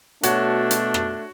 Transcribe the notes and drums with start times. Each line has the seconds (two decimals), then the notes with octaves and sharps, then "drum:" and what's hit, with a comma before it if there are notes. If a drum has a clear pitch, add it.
0.23 B2 A3 D4 F#4 C#5, drum: hi-hat
0.71 drum: hi-hat
0.94 drum: rim click